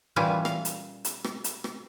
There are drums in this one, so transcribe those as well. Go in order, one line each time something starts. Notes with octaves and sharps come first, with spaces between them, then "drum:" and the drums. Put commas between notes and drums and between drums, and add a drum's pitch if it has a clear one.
A#2 E3 G3 C#4 E4 F4
F5, drum: rim click
drum: hi-hat
drum: hi-hat
drum: rim click
drum: hi-hat
drum: rim click